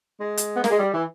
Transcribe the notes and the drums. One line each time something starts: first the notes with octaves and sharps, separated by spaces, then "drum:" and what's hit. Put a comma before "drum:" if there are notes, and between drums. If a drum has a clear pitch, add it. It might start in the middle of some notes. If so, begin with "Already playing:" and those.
G#3
drum: hi-hat
B3
A#3, drum: snare
G#3
G3
E3